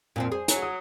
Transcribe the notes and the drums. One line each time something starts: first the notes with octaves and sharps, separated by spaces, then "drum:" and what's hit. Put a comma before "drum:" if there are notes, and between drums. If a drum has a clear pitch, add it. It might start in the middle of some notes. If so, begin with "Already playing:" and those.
F2 A#2 F3 C4
G#4 C5
F#3 G#5, drum: hi-hat
D#6